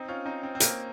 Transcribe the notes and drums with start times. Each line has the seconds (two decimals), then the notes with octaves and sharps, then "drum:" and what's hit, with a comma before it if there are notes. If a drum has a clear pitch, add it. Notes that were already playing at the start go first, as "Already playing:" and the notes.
Already playing: C4 D#4
0.08 C#4 F4
0.25 C4 D#4
0.43 C4
0.55 C4
0.60 A#3, drum: hi-hat